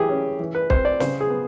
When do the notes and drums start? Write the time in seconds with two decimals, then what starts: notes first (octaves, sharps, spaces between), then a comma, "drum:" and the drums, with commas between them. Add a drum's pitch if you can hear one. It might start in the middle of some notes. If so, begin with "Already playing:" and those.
Already playing: E3 G4 G#4
0.09 C#4
0.40 E3
0.55 B4
0.70 C4 C5, drum: kick
0.85 D5
1.00 C#3 C5, drum: snare
1.21 G#4
1.30 B3